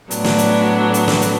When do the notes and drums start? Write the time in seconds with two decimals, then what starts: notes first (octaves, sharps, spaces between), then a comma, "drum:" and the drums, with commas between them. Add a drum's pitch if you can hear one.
0.11 A2 F#3 B3 D4, drum: hi-hat
0.24 drum: snare
0.38 drum: hi-hat
0.94 drum: hi-hat
1.08 drum: snare
1.22 drum: hi-hat